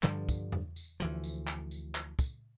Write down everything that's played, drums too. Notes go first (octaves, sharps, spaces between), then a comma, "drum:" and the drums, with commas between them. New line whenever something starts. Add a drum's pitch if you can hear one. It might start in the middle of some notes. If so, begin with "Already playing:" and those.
G2 D3 F3 G3, drum: clap
drum: kick, tambourine
drum: tom E2
drum: tambourine
D2 E3 F3
drum: tambourine
drum: clap
drum: tambourine
drum: clap
drum: kick, tambourine